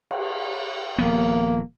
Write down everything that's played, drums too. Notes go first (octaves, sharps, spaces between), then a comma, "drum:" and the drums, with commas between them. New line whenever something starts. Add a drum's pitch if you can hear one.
drum: cymbal
D#1 F3 A#3 B3